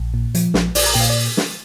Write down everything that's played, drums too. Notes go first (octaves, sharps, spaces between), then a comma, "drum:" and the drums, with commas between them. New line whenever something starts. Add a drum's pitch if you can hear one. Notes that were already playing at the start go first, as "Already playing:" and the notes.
Already playing: A#1
A#2
F3, drum: hi-hat
A#1, drum: snare
A#1 D5, drum: open hi-hat
A#5
A#2 G5
F5
D5
drum: snare